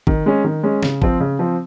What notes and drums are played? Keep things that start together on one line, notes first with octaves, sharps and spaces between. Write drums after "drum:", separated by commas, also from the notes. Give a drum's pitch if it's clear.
D#3, drum: kick
G#3 C#4
D#3
G#3 C#4
C#3, drum: snare
F3 C4, drum: kick
C#3
F3 C4